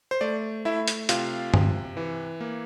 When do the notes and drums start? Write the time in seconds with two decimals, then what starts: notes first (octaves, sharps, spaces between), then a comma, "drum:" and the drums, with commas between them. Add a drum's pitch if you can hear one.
0.11 C5
0.21 A3 D5
0.65 A3 E4 E5
0.88 drum: hi-hat
1.09 C3 F4 F5, drum: hi-hat
1.54 C3, drum: tom G2
1.97 E3
2.41 A#3